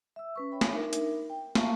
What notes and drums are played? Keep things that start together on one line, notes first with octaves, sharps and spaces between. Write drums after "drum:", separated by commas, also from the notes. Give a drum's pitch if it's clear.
E5 E6
C#4 B4 C#6
C#5 E5 G5 B5
drum: snare
D4 D#4 A#4 E5
drum: hi-hat
G5
A3 A#3 E5 F5 A5 C#6, drum: snare